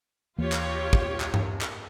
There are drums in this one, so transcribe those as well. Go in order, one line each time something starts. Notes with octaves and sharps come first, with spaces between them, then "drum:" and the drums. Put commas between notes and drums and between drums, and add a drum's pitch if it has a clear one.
D#2 E3 A#3 F4 G4 C#5
drum: clap
drum: kick
drum: clap
drum: tom G2
drum: clap